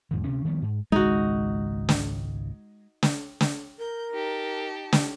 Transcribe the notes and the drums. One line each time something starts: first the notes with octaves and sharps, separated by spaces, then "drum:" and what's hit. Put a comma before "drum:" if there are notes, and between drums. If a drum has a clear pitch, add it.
E2 G#2 D#3
D2 C3 E3 C#4
D#3 F3 G3 B3
G#2
G#1 C#2 A#2 G#3 D#4 F#4
drum: snare
drum: snare
drum: snare
A#4 G6
D#4 G4 A5
drum: snare